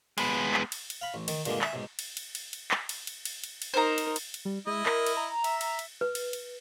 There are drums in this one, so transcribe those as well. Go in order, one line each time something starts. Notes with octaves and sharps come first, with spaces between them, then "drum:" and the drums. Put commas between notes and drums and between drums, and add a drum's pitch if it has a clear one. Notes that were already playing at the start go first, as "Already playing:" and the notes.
G#3 B3, drum: cymbal
drum: clap
drum: cymbal
drum: cymbal
F5 B5
A1
D#3, drum: cymbal
G2 A#2 D3 G#3 A#3, drum: cymbal
E5 G#5, drum: clap
B1 G#2
drum: cymbal
drum: cymbal
drum: cymbal
drum: cymbal
drum: clap
drum: cymbal
drum: cymbal
drum: cymbal
drum: cymbal
drum: cymbal
D#4 A#4 C5 A#5
drum: cymbal
drum: cymbal
drum: cymbal
G3
G#3 E4 D#5
A#4, drum: clap
drum: cymbal
A#5
E5, drum: cymbal
drum: cymbal
drum: cymbal
B4
drum: cymbal
drum: cymbal